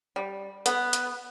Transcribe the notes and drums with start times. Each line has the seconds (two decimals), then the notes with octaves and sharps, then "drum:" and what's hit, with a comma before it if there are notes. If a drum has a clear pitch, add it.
0.16 G3
0.66 B3, drum: hi-hat
0.93 drum: hi-hat